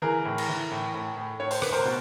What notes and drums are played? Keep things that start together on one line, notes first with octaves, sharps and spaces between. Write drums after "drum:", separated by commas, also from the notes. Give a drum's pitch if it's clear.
E3 G#4 A#4
A2
drum: cymbal
E3
A2
A2
A2
A2 C#5
C5, drum: open hi-hat
A2 B4, drum: rim click
A#4 C5
B2